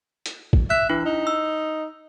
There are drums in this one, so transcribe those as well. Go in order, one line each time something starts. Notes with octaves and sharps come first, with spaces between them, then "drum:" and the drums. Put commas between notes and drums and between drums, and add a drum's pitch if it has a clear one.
drum: hi-hat
drum: kick
E5 F#6
E3 D4 E4
D#4
E6